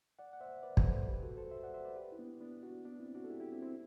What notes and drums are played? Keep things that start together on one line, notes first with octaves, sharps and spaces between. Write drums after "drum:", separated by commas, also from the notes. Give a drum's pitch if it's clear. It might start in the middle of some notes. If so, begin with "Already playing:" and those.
D5 F#5
F#5
C5 E5
B4 D5
B4, drum: kick
A4 C5
G4 B4
F#4 A4
A4 C5
C5 E5
D5 F#5
C5 E5
B4 D5
G4 B4
E4
B3 D4
B3 D4
D4 F#4
B3 D4
C4 E4
D4 F#4
A4
E4 G4
E4 G4
C4
C4 E4